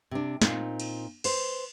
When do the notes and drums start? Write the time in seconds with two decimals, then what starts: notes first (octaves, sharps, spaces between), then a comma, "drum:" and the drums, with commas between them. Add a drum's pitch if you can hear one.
0.11 C3 D4
0.42 A#2 C4 D#4, drum: snare
0.80 drum: cymbal
1.24 B4 C5, drum: cymbal